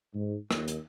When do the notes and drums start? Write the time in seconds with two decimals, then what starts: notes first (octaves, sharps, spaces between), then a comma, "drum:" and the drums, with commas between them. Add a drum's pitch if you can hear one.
0.14 G#2
0.51 D#2, drum: rim click
0.67 drum: hi-hat